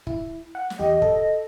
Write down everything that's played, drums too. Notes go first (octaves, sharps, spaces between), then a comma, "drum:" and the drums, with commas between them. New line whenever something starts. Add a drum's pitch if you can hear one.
E4, drum: kick
F#5
drum: snare
E2 G4 D#5
A4, drum: kick